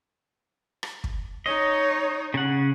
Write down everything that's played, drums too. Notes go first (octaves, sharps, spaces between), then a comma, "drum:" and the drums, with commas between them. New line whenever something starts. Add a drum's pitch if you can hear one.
drum: rim click
drum: kick
D#4 C#5 D#5
C#3 F#5